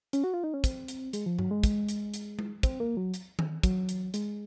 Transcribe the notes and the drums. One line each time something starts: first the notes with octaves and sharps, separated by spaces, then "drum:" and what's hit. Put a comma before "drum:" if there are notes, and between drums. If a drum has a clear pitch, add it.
C#4, drum: hi-hat
F#4
F4
D#4
C#4
C4, drum: kick, hi-hat
drum: hi-hat
G#3, drum: hi-hat
F3
F#3, drum: tom G2
G#3
drum: kick, hi-hat
drum: hi-hat
drum: hi-hat
drum: tom G#3
C4, drum: kick, hi-hat
A#3
F#3
drum: hi-hat
drum: tom D#3
F#3, drum: kick, hi-hat
drum: hi-hat
G#3, drum: hi-hat